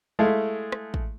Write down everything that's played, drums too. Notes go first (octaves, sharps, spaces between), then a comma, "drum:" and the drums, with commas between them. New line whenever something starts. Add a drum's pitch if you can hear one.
G#3 A3 E4 F5
drum: rim click
drum: kick